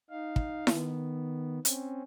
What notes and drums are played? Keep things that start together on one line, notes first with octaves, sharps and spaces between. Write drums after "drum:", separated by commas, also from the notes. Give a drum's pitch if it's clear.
D#4 F5
drum: kick
D#3 B3, drum: snare E4
C4 C#4, drum: hi-hat